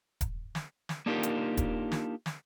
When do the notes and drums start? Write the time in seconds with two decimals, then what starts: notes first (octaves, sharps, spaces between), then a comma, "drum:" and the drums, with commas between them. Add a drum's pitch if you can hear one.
0.21 drum: kick D#1, hi-hat
0.55 drum: snare
0.89 drum: snare
1.06 A#3 D4 D#4 F4 G4 A#4
1.23 drum: hi-hat
1.57 drum: kick D#1, hi-hat
1.92 drum: snare
2.26 drum: snare